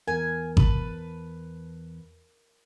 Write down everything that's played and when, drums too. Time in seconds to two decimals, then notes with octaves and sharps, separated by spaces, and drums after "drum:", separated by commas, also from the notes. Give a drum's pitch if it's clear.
0.08 E2 E3 A#4 G#5
0.57 B4 A5, drum: kick G#1